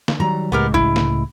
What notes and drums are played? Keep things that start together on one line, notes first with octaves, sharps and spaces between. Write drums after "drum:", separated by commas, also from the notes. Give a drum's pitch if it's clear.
drum: snare
D#3 F#3 G3 A#5
C#2 A2 G#3 B3 G4 A#4
E4, drum: kick
drum: snare